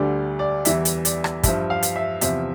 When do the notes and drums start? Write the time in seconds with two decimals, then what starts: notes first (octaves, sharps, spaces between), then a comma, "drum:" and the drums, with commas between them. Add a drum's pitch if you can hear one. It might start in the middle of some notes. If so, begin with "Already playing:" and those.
Already playing: D2 D3 G3 D5
0.39 D5
0.65 E2 E3 G3 E5, drum: hi-hat
0.85 drum: hi-hat
1.05 D5, drum: hi-hat
1.24 drum: rim click
1.43 G2 F3 E5, drum: kick, hi-hat
1.70 F5
1.83 drum: hi-hat
1.96 E5
2.21 E2 C3 F3 E5, drum: hi-hat